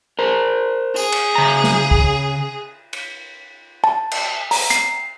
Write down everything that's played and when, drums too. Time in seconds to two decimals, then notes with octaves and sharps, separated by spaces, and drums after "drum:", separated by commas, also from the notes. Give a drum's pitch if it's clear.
0.19 A#4 C5
0.96 G#4, drum: tambourine
1.12 drum: cymbal
1.35 C#3 A#5
1.64 drum: snare
1.91 drum: kick
2.93 drum: cymbal
3.84 A5
4.11 drum: cymbal
4.51 A#5, drum: open hi-hat
4.70 C7, drum: hi-hat